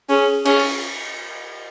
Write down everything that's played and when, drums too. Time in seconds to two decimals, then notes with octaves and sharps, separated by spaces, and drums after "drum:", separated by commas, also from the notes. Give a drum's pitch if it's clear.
0.09 C#4 G#4
0.45 C#4, drum: cymbal
0.59 drum: open hi-hat